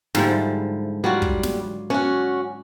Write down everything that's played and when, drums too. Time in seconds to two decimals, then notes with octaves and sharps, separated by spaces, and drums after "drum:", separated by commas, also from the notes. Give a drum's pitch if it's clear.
0.15 G#2 D3 F3 G3 E4, drum: snare
1.04 F#3 G3 F4 F#4
1.22 drum: kick
1.43 drum: snare
1.90 C#4 D4 F#4